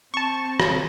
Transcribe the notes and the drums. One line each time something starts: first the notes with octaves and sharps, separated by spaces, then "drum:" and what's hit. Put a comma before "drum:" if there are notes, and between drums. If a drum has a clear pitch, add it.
C4 A5 C#6
drum: rim click